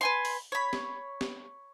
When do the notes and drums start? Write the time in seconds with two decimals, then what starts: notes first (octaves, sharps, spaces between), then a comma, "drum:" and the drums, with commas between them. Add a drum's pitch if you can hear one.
0.01 B4 G#5 C6
0.25 drum: open hi-hat
0.52 C#5 B5
0.73 drum: snare
1.21 drum: snare